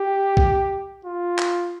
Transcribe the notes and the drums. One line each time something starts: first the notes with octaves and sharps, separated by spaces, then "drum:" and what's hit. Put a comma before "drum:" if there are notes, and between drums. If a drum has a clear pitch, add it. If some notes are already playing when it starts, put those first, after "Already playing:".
Already playing: G4
drum: kick
F4
drum: clap